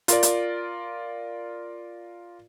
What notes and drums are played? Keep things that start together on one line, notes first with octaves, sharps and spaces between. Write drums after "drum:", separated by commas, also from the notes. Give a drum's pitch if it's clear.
F4 A#4 D5, drum: hi-hat
drum: hi-hat